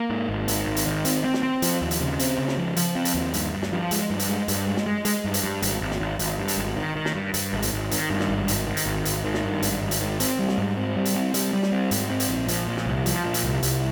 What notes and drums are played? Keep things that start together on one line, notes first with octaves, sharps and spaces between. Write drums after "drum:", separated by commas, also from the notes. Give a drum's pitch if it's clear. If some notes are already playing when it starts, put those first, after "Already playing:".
Already playing: A#3
G#2
G#1
D#3, drum: hi-hat
G#1
drum: hi-hat
D#3
C4, drum: hi-hat
C4
drum: snare
C4
F3, drum: hi-hat
D#2
drum: hi-hat
C#3
C4, drum: hi-hat
C#3
drum: snare
F3
F3, drum: hi-hat
C4
drum: hi-hat
D#2
G2, drum: hi-hat
G2
drum: snare
F3
G#3, drum: hi-hat
G2
drum: hi-hat
G#3
G2, drum: hi-hat
G#3
drum: snare
G#3
G#3, drum: hi-hat
G2
drum: hi-hat
G2
G#1, drum: hi-hat
G#1
drum: snare
G#1
G#1, drum: hi-hat
G2
drum: hi-hat
G#1
D#3
D#3
drum: snare
G2
G2, drum: hi-hat
G#1
drum: hi-hat
G#1
D#3, drum: hi-hat
G2
drum: snare
G#1
D#3, drum: hi-hat
D#3
drum: hi-hat
G#1
G#1, drum: hi-hat
D#3
drum: snare
G2
G#1, drum: hi-hat
G#1
drum: hi-hat
D#3
C4, drum: hi-hat
G3
drum: snare
G#2
C4
G3
drum: hi-hat
C4
G3, drum: hi-hat
G3
drum: snare
C4
G#2, drum: hi-hat
C4
drum: hi-hat
A#1
F3, drum: hi-hat
A#2
drum: snare
C2
F3, drum: hi-hat
A#2
drum: hi-hat
C2
C2, drum: hi-hat